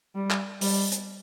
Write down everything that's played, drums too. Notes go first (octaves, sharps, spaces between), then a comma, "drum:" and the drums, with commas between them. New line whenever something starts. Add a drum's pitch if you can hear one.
G3
drum: clap
G3, drum: open hi-hat
drum: hi-hat